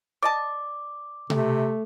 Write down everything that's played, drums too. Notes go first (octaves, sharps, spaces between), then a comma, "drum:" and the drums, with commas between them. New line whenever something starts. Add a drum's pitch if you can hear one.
D5 D#5 A5 D6
C3 A3, drum: tom B2